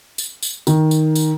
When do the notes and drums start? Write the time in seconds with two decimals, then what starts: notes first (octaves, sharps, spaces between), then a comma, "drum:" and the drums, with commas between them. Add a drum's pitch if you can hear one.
0.18 drum: tambourine
0.43 drum: tambourine
0.67 D#3, drum: tambourine
0.91 drum: tambourine
1.15 drum: tambourine